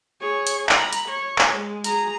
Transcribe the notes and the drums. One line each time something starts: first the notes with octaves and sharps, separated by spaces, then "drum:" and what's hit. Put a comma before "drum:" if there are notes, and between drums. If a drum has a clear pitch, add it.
G#4 C#5
drum: hi-hat
A#5 B5, drum: clap
drum: hi-hat
C#5
drum: clap
G#3
G#4 A#5, drum: hi-hat